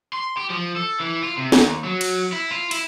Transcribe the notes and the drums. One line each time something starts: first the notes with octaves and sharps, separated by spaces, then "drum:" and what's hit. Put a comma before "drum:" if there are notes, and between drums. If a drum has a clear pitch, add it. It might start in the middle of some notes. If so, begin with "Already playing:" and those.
C6
G4
F3
A4
E3
F4
C3
D#2, drum: snare
F#3
drum: cymbal
E4
F4
E4, drum: cymbal